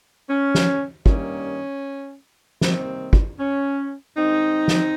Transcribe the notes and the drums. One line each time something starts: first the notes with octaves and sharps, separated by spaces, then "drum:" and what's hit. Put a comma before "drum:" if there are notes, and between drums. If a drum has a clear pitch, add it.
C#4
drum: snare
G2 D#3 G3 A#3 C#4, drum: kick
C3 D#3 G3 A#3 C4, drum: snare
drum: kick
C#4
G2 D#3 G#3 C4 D#4
drum: snare